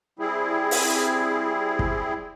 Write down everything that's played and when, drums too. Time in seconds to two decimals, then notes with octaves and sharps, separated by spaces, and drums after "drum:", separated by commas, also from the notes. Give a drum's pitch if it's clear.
0.19 G3 C4 E4 G#4
0.71 drum: open hi-hat
1.79 drum: kick